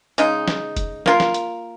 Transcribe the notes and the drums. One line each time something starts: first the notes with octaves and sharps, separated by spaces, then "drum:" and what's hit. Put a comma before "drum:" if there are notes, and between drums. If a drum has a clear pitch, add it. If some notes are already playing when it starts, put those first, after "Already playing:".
C#3 G#3 D#4, drum: hi-hat
drum: snare
drum: kick, hi-hat
A#3 F4 A#4, drum: snare
drum: snare
drum: hi-hat